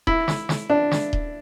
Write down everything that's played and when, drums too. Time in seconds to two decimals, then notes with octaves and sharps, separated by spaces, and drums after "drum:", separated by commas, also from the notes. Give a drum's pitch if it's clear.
0.07 E4, drum: kick D#1
0.28 drum: snare
0.49 drum: snare
0.70 D4
0.91 drum: snare
1.13 drum: kick D#1